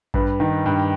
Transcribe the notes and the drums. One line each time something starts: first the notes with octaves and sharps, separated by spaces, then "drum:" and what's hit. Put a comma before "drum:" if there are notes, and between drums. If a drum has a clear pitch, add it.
G2 B4, drum: kick A1
D#3
G2